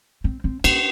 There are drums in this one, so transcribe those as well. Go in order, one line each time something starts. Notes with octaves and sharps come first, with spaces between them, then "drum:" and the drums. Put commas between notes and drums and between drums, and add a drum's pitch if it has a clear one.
C4
C4
A#3, drum: cymbal